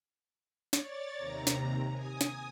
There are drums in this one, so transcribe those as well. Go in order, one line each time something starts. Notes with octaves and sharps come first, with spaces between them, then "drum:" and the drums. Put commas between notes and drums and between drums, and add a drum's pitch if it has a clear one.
C#5 D5 A6, drum: snare
D#2 C3 A#5
drum: snare
G#5 D#6
drum: snare